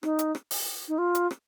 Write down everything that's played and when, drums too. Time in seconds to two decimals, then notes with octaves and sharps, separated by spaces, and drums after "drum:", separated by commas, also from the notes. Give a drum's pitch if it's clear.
0.03 D#4, drum: rim click
0.19 drum: hi-hat
0.35 drum: rim click
0.51 drum: open hi-hat
0.88 D#4
0.98 F4
1.15 drum: hi-hat
1.31 drum: rim click